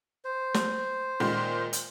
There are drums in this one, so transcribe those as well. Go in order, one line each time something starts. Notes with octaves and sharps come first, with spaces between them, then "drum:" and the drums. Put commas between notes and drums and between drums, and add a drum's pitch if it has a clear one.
C5
drum: snare
A#2 D#3 G#3
drum: hi-hat